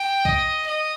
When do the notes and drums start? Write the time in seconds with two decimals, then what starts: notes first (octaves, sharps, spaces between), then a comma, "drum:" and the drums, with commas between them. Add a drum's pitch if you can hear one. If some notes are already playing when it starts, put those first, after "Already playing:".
Already playing: G5
0.25 D#5, drum: kick C2
0.66 D#5